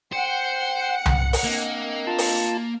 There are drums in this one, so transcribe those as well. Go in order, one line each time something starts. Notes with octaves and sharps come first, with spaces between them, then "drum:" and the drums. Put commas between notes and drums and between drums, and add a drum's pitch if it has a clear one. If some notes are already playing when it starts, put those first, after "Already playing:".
C5 F#5 G5 C#7
drum: tom C2
drum: open hi-hat
A#3 C4 D4 D#5
F4 A5
drum: open hi-hat